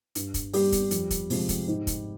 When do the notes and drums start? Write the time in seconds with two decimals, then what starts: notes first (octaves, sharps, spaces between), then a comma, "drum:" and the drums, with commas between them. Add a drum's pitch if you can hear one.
0.15 G2, drum: hi-hat
0.34 drum: kick, hi-hat
0.53 G3 G4, drum: open hi-hat
0.72 drum: kick, hi-hat
0.91 F2, drum: hi-hat
1.10 drum: kick, hi-hat
1.30 C3 F3 G#3, drum: open hi-hat
1.49 drum: kick, hi-hat
1.68 G#2
1.87 drum: kick, hi-hat